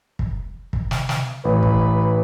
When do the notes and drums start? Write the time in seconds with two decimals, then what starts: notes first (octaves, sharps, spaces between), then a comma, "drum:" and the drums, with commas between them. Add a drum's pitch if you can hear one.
0.19 drum: kick
0.73 drum: kick
0.91 drum: snare
1.09 drum: snare
1.45 A1 B4
1.63 drum: kick